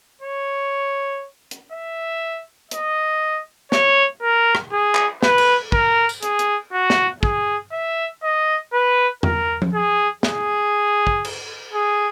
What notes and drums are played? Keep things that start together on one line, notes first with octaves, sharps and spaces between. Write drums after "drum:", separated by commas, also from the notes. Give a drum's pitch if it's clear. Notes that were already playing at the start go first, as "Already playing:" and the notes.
C#5
drum: hi-hat
E5
D#5, drum: hi-hat
C#5, drum: snare
A#4
drum: rim click
G#4
drum: clap
B4, drum: snare
drum: cymbal
A#4, drum: kick
drum: tambourine
G#4, drum: hi-hat
drum: hi-hat
F#4
drum: snare
G#4, drum: kick
E5
D#5
B4
A#4, drum: tom E2
drum: tom F3
G#4
G#4, drum: snare
drum: kick
drum: cymbal
G#4